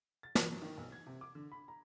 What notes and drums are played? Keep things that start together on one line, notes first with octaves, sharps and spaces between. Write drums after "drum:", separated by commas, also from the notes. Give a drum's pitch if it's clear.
A6
D5, drum: snare
F#3
D#3
B1
G#6
C3
D6
D3
B5
A#5